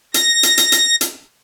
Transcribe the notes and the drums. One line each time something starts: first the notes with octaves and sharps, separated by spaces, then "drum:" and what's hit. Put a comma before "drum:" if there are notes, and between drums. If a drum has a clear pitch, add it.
A#6, drum: hi-hat
drum: hi-hat
drum: hi-hat
drum: hi-hat
drum: hi-hat